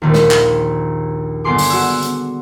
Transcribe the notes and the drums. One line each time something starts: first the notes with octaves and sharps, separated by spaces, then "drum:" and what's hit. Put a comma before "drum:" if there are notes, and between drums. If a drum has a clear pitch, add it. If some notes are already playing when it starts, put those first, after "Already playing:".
A#1 D#2
drum: snare
drum: clap
G1 B3 G#4 C6 D6
drum: open hi-hat
F#4 E6
drum: hi-hat